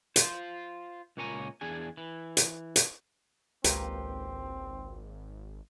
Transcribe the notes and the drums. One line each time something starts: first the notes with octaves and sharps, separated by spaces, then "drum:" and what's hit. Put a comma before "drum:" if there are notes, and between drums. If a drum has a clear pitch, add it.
F4 C5, drum: hi-hat
C#2 A#2 A#3 C#5 G#5 A#5
E2 D4 G#4 G#5
E3
drum: hi-hat
drum: hi-hat
G#1 C#2 A#3 C4 G4 B4, drum: hi-hat